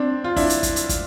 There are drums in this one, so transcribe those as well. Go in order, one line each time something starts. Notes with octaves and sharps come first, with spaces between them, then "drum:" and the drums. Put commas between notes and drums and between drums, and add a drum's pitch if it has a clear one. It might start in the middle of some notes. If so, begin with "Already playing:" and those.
Already playing: C4 D4
F4
D4 E4, drum: kick, open hi-hat
drum: hi-hat
drum: kick, hi-hat
drum: hi-hat
drum: kick, hi-hat